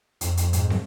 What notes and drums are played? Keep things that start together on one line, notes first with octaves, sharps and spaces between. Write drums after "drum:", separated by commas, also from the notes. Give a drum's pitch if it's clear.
F2, drum: hi-hat
drum: hi-hat
G#2, drum: hi-hat
drum: snare